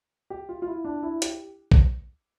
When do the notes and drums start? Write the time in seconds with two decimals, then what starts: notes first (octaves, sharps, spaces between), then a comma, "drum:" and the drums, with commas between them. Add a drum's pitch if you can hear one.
0.30 G4
0.49 F4
0.62 F4
0.67 E4
0.85 D4
1.03 E4
1.22 G4, drum: hi-hat
1.72 drum: kick A#1